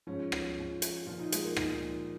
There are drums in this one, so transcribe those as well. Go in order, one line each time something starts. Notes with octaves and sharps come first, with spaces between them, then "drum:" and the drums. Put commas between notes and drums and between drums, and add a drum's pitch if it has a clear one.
G#2 F3 C#4
drum: rim click
G#2 F3
drum: hi-hat
A#2 F3 F4
D#4
G#3, drum: hi-hat
A#3
A#2 F3 D#4, drum: rim click